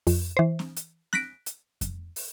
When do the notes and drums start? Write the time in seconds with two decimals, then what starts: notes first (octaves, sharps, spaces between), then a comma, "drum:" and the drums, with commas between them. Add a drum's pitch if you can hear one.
0.07 F2, drum: open hi-hat
0.37 E3 C5
0.59 drum: snare C4
0.76 drum: hi-hat
1.13 F#6 A#6 B6 D7, drum: snare C4
1.46 drum: hi-hat
1.81 drum: kick F2, hi-hat
2.16 drum: open hi-hat